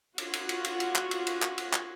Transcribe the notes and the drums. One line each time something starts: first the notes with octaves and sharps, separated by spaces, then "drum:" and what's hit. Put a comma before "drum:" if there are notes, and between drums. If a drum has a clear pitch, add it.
F4 F#4, drum: cymbal
drum: cymbal
drum: cymbal
drum: cymbal
drum: cymbal
drum: clap
drum: cymbal
drum: cymbal
drum: clap
drum: cymbal
drum: clap